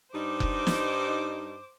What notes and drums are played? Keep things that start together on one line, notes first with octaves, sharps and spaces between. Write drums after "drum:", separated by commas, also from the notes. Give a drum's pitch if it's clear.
G2 G3 D#4 C5 D6
drum: kick F1
drum: snare